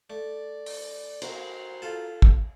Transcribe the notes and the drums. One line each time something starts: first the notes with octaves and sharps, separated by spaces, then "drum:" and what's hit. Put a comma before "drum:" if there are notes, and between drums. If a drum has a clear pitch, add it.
A3 D5
drum: open hi-hat
F#4 A#4 C5, drum: cymbal
F4 A4
drum: kick